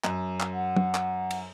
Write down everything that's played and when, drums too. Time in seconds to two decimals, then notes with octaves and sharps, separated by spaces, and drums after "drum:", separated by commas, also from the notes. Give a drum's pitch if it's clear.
0.04 F#2, drum: clap
0.40 drum: clap
0.54 F#5
0.76 drum: tom
0.95 drum: clap
1.31 drum: cymbal